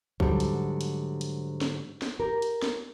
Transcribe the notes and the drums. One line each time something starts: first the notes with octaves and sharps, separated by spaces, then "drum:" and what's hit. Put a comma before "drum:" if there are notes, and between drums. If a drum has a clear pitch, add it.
G#2 D3 F#3 G3, drum: kick
drum: hi-hat
drum: hi-hat
drum: hi-hat
drum: snare
drum: snare
G4 A#4
drum: hi-hat
drum: snare